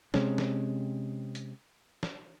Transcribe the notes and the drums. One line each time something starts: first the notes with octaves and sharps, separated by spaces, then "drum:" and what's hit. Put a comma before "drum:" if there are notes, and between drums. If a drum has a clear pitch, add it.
C3 G#3 C4 C#4, drum: snare
drum: snare
drum: hi-hat
drum: snare